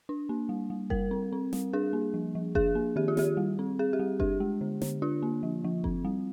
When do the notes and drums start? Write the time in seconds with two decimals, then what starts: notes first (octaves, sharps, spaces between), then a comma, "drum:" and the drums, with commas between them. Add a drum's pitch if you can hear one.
0.09 D4
0.29 A#3
0.49 G3
0.70 G3
0.90 G3 A#4, drum: kick F#1
1.11 C4
1.32 C4
1.53 G3, drum: snare
1.73 D4 G#4
1.93 A#3
2.14 F3
2.35 F3
2.55 D4 G#4, drum: kick F#1
2.75 A#3
2.96 D#3 G4
3.08 F4
3.17 D#3 G4, drum: snare
3.37 G3
3.59 C4
3.79 C4 G#4
3.93 G4
3.99 G3
4.20 D4 G4, drum: kick F#1
4.40 G#3
4.61 D3
4.82 D3, drum: snare
5.02 D4 F4
5.22 A#3
5.43 F3
5.64 F3
5.84 C4, drum: kick F#1
6.05 G3